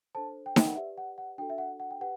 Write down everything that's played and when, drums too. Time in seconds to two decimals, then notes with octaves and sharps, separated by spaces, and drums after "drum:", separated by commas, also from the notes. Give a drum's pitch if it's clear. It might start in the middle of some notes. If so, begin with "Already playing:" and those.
0.15 D4 A4 C5 A5
0.46 G5
0.56 G5, drum: snare D#4
0.67 F#5
0.76 G4 B4 D5 E5
0.98 F#5
1.18 F#5
1.38 D4 F#4 A4 G5
1.50 E5
1.58 F#5
1.80 F#5
1.91 G5
2.00 G4 B4 F#5